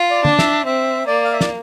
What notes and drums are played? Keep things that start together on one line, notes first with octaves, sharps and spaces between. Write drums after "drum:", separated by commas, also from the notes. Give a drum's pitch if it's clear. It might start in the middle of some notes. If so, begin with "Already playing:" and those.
Already playing: F4
D5
D4, drum: tom
E5, drum: snare
C4 E5
A#3 D5
F5
E5
D5, drum: snare